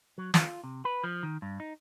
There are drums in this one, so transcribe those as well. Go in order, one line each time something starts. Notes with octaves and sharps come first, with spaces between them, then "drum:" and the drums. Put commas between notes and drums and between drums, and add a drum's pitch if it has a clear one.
F#3
F4, drum: snare
C3
B4
F3
D#3
G2
D#4